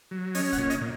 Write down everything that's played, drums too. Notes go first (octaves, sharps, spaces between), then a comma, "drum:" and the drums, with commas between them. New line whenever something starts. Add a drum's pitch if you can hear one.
F#3
C#4 D#5, drum: open hi-hat
F#5, drum: kick, hi-hat
A#2
D#5, drum: hi-hat
A#2